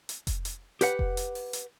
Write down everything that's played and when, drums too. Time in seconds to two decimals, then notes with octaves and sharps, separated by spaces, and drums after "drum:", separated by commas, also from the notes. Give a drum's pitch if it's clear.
0.09 drum: hi-hat
0.27 drum: kick F1, hi-hat
0.45 drum: hi-hat
0.81 G4 B4 F#5, drum: hi-hat
0.99 drum: kick F1
1.17 drum: hi-hat
1.35 drum: open hi-hat
1.53 drum: hi-hat